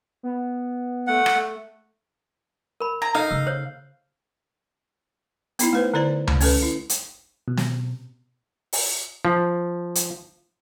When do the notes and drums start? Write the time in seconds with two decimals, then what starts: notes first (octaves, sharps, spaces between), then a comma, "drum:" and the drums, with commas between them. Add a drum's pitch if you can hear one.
0.23 B3
1.07 A3 F#5
1.26 drum: rim click
2.80 A#4 B5
3.02 A#5
3.15 D#4 A4 F5
3.31 C#3 A#3 E6
3.47 C5 C#5
5.59 B3 D#4 E4, drum: hi-hat
5.73 A3 B4 C5
5.94 D3 E4 C5 D5 A#5
6.27 A3, drum: tom C#2
6.41 C#4 A4 B4, drum: open hi-hat
6.63 E4
6.89 drum: hi-hat
7.48 B2
7.57 drum: snare
8.73 drum: open hi-hat
9.25 F3
9.95 drum: hi-hat